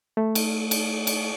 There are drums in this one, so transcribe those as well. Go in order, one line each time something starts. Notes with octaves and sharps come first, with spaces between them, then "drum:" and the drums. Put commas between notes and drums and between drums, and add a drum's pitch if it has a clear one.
A3
drum: cymbal
drum: cymbal
drum: cymbal